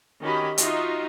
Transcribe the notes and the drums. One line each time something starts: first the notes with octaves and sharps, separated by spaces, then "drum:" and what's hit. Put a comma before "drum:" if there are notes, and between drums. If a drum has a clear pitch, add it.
D#3 C#4 F#4 G4 D#5 B5
D#4 F4 F#4 D#5 E5, drum: hi-hat